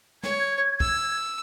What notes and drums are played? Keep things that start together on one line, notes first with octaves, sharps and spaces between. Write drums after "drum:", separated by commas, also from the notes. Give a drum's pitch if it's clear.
C#5 G#6, drum: snare
E6, drum: kick